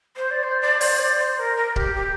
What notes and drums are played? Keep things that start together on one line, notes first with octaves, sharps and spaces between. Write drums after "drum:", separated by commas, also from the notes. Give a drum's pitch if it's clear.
C5
D5
C5
D5
C5, drum: open hi-hat
D5
C5
A#4
A#4
G4, drum: kick C#1
G4